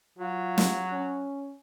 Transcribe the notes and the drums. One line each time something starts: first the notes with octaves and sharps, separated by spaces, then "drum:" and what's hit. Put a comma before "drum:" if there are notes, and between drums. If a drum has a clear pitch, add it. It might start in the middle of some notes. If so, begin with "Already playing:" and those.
F#3 F4
drum: snare
C#4